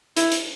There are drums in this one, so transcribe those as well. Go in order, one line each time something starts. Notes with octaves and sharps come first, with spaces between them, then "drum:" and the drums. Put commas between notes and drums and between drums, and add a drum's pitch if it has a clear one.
E4, drum: hi-hat
drum: hi-hat